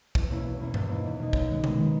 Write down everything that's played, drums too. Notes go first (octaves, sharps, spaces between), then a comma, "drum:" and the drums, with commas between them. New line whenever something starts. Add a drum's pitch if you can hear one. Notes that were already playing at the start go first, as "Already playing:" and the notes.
E2, drum: kick
B2 A#3 C#4 E4
E2
B2 A#3 C#4 E4
E2, drum: tom G2
B2 A#3 D#4
E2
B2 A#3 D#4
F#2, drum: kick
D#3 G#3 B3
F#2, drum: tom B2
D#3 G#3 B3